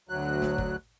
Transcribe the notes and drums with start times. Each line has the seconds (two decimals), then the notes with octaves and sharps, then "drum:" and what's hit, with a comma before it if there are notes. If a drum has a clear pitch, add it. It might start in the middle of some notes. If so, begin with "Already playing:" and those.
0.09 D2 F#3 F#6
0.42 drum: snare
0.58 drum: kick G1